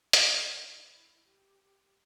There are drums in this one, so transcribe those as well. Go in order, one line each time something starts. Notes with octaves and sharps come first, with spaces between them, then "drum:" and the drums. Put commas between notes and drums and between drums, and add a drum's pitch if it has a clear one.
E4, drum: hi-hat
E4
G4